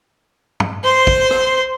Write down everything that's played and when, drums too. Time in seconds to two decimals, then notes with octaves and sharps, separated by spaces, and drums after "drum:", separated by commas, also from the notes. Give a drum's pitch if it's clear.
0.60 drum: tom
0.84 C5 C6
1.07 drum: kick
1.31 drum: rim click